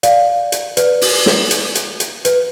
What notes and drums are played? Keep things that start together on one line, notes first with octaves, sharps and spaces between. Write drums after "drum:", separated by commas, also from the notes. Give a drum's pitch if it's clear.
D5 F5, drum: hi-hat
drum: hi-hat
B4 D5, drum: hi-hat
drum: open hi-hat
drum: snare
drum: hi-hat
drum: hi-hat
drum: hi-hat
B4, drum: hi-hat